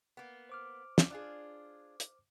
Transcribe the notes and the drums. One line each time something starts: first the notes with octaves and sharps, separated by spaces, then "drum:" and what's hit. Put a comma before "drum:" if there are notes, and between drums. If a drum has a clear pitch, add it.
A#3 B3
C5 D6 F6
drum: snare
D4 F4 G#4
drum: hi-hat